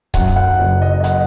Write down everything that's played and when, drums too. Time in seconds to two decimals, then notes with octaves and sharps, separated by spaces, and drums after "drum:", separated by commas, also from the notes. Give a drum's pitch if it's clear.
0.14 F#2 F#5, drum: kick C#1, hi-hat
0.36 F#5
0.59 F#1
0.82 D#5
1.00 D#5
1.04 F#5, drum: hi-hat